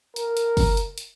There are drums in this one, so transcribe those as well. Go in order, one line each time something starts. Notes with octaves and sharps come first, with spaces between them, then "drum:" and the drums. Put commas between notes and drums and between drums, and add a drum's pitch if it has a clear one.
A#4, drum: hi-hat
drum: hi-hat
drum: kick, open hi-hat
drum: hi-hat
drum: hi-hat